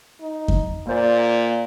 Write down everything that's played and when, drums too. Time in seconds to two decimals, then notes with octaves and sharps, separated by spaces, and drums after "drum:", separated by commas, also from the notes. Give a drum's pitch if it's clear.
0.21 D#4
0.48 drum: kick F2
0.87 A#2 A#3 C5 D5